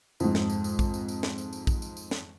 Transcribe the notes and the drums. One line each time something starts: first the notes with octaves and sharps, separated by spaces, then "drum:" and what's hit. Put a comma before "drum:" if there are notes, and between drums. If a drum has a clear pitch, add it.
F2 G#2, drum: tambourine
drum: snare
drum: tambourine
drum: tambourine
drum: kick A#1, tambourine
drum: tambourine
drum: tambourine
drum: snare
drum: tambourine
drum: tambourine
drum: kick A#1, tambourine
drum: tambourine
drum: tambourine
drum: snare